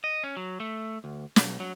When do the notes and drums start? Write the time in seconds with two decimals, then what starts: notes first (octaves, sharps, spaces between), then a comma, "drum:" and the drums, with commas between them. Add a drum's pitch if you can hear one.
0.04 D#5
0.24 C#4
0.37 F#3
0.60 A3
1.04 D2
1.36 B1, drum: snare
1.60 F#3